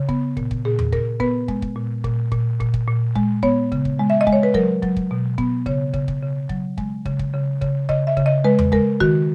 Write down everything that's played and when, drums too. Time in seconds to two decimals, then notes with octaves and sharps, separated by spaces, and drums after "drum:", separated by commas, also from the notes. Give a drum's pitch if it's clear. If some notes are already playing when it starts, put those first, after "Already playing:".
Already playing: C#3
0.09 B3, drum: kick
0.37 A#2, drum: kick
0.51 drum: kick
0.65 A#2 G#4
0.79 drum: tom E2
0.93 A#2 A#4, drum: kick
1.20 B3 B4, drum: kick
1.48 G#3, drum: kick
1.62 drum: kick
1.76 A#2
2.04 A#2, drum: kick
2.32 A#2, drum: kick
2.60 A#2, drum: kick
2.74 drum: kick
2.87 A#2
3.15 G#3, drum: kick
3.43 B3 C#5, drum: kick
3.72 C#3, drum: kick
3.85 drum: kick
3.99 G#3
4.10 E5
4.21 D#5
4.27 G#3, drum: kick
4.33 C#5
4.43 B4
4.54 F#3 A#4, drum: kick
4.82 F#3, drum: kick
4.96 drum: kick
5.11 B2
5.38 B3, drum: kick
5.66 C#3 C#5, drum: kick
5.94 C#3, drum: kick
6.08 drum: kick
6.22 C#3
6.49 F#3, drum: kick
6.78 G#3, drum: kick
7.05 C#3, drum: kick
7.19 drum: kick
7.34 C#3
7.61 C#3, drum: kick
7.89 C#3 D#5, drum: kick
8.07 E5
8.17 C#3, drum: kick
8.26 D#5
8.44 G#3 B4
8.59 drum: tom E2
8.72 G#3 A#4, drum: kick
9.00 D#3 F#4, drum: kick